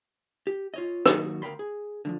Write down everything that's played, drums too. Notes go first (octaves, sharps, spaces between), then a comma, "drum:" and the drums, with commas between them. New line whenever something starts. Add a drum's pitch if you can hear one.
G4
F4 C#5 D#5
D#3 F#3 A#3 D#4 F#4, drum: rim click
D2 A#4 F5 G5 B5 C6
G#4
D3 E3 F3